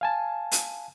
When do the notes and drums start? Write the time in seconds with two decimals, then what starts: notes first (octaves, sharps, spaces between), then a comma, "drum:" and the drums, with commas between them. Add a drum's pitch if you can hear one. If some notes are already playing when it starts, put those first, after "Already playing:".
0.01 F5 G#5 A5
0.52 drum: hi-hat